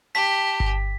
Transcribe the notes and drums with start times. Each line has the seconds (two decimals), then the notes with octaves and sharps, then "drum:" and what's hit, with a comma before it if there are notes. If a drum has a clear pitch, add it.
0.15 G4 A5 B6
0.60 drum: kick G1